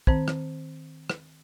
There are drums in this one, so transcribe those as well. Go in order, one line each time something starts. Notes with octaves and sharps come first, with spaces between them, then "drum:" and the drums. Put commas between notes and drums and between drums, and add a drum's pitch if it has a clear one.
D#3 C4 A5, drum: kick
drum: rim click
drum: rim click